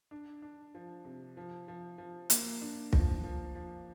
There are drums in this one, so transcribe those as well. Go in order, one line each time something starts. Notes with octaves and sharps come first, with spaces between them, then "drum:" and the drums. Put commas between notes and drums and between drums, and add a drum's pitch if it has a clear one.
D4
D4
F3
C3
F3
F3
F3
A#3, drum: hi-hat
D4
F3, drum: kick
F3
F3